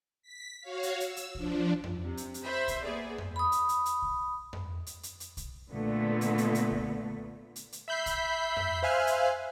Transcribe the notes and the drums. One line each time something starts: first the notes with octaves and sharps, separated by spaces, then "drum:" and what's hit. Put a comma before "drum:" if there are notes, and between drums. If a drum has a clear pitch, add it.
B6
F#4 C#5 F5
drum: hi-hat
E6, drum: hi-hat
drum: hi-hat
F3 D4, drum: kick
drum: tom F2
C3
drum: hi-hat
drum: hi-hat
C5 E5 B5
drum: kick, hi-hat
A#3 B3 G#4 D5
drum: tom F2
B5 D#6
drum: hi-hat
drum: hi-hat
drum: hi-hat
drum: kick
drum: tom F2
drum: hi-hat
drum: hi-hat
drum: hi-hat
drum: kick, hi-hat
A#2 D3 A3 B3
drum: hi-hat
drum: hi-hat
drum: hi-hat
drum: kick
drum: hi-hat
drum: hi-hat
E5 B5 G6 B6 C7
drum: kick, hi-hat
drum: tom F2
C5 E5 F5 G#5 F6 F#6
drum: hi-hat